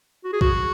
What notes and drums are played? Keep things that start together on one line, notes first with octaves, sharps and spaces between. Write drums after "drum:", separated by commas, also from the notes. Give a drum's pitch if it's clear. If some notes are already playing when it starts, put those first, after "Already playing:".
F#4
G#4
F#4, drum: kick B1